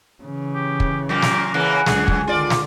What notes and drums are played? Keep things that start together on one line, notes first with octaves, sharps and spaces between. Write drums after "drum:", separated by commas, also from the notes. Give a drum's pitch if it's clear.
C#3 E3
G4
drum: kick
F#2 A#2 A#3 G4
drum: snare
C#3 E3 A#3 F#5
C#2 F#2 D3 G#4, drum: snare
drum: kick
D3 D#3 F4 D5
drum: snare